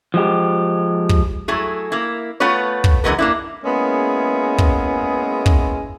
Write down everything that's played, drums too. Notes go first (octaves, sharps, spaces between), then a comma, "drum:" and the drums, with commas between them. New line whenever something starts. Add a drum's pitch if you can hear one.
F3 G#3 G4
drum: kick
F#3 A3 E4 G#4
A#3 E4
A3 B3 F4 B4 C#5
drum: kick
D3 E3 G#3 A3 B3 A#4
A#3 D4 E4
G#3 A#3 B3 C#4 E4 G#4
drum: kick
drum: kick